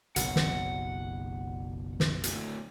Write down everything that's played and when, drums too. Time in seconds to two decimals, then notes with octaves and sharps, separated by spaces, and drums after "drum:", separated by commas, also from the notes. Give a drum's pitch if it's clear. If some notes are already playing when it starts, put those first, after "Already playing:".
0.16 F#1 B1 F#2 F#5, drum: hi-hat
0.36 drum: snare
2.00 drum: snare
2.24 D2 A2, drum: hi-hat